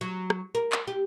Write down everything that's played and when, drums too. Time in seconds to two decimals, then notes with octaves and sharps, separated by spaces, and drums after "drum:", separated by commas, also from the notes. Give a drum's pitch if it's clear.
0.01 F#3
0.30 drum: rim click
0.55 A#4
0.72 drum: clap
0.87 G4